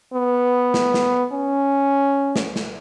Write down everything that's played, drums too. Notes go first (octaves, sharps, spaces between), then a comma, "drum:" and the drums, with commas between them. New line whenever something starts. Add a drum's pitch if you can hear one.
B3
drum: snare
drum: snare
C#4
drum: snare
drum: snare